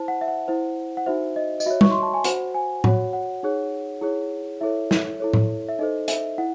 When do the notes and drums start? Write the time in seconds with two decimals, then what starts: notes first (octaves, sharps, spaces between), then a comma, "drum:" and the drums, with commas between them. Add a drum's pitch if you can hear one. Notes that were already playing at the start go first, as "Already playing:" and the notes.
Already playing: E4 C5 A5
0.08 F#5
0.21 E5
0.28 F#5
0.48 E4 C5
0.97 F#5
1.06 D#4 F#4 C5 E5
1.36 D#5
1.60 D#5, drum: tambourine
1.66 F#4 C#5 E5
1.81 C#6, drum: tom
1.91 C6
2.03 A5
2.14 G#5
2.24 F#4 C5 F#5, drum: hi-hat
2.54 G#5
2.84 F#4 C#5 F#5, drum: tom A2
3.13 F#5
3.43 D#4 G#4 C#5
4.01 E4 G#4 C#5
4.61 E4 A4 C#5 E5
4.91 drum: snare
5.20 E4 A4 C#5
5.33 drum: tom A2
5.68 E5
5.79 D#4 A4 C5 D#5
6.08 E5, drum: hi-hat
6.38 E4 F#5